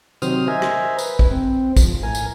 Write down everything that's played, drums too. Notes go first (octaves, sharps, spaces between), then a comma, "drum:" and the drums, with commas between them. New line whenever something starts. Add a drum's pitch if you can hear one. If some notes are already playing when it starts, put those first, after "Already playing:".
C3 D#3 F#3 C5 D#6 F6, drum: tambourine
A#4 C5 D#5 E5 G#5
drum: rim click
B4, drum: tambourine
drum: kick
C4
F3, drum: kick, tambourine
A2 A#4 G#5
drum: tambourine